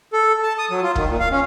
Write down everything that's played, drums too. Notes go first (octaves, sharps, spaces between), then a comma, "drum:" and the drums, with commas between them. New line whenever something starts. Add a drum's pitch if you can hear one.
A4
A5
D#6
F#3
F4
D#3, drum: kick
A#2
F5
C#4